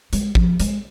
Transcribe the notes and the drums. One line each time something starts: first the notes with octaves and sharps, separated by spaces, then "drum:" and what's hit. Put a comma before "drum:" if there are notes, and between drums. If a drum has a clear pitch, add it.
G#3, drum: hi-hat
F3, drum: kick G#1
G#3, drum: hi-hat